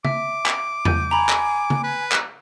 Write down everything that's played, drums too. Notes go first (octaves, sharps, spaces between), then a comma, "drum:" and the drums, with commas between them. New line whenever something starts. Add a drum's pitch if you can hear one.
E5 D6, drum: tom C#3
drum: clap
G6 D#7, drum: tom E2
G#5 A#5 B5
drum: clap
drum: tom C#3
B4
drum: clap